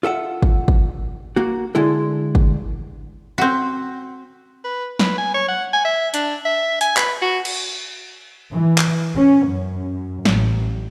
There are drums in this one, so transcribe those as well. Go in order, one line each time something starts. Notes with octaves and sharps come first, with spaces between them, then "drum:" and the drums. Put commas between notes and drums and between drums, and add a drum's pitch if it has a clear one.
F4 A4 E5 F#5
drum: kick
drum: kick
A#3 F#4
D3 G#3 E4 A4
drum: kick
C4 F#4
B4
B4, drum: snare
G#5
C#5
F#5
G#5
E5
D4, drum: hi-hat
E5
G#5, drum: hi-hat
B4, drum: clap
F#4
drum: cymbal
E3
drum: clap
C#4
F#2
A1, drum: snare